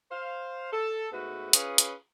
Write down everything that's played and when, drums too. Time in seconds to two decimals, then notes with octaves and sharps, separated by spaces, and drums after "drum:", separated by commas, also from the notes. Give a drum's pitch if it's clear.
0.11 C5 F5
0.72 A4
1.12 G#2 A3 B3 F#4 B4
1.53 C#4 F4 G#4 B4, drum: hi-hat
1.78 drum: hi-hat